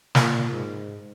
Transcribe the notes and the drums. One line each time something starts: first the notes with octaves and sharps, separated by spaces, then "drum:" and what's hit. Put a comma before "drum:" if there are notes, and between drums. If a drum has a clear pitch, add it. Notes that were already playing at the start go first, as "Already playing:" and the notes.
A#2, drum: snare
G#2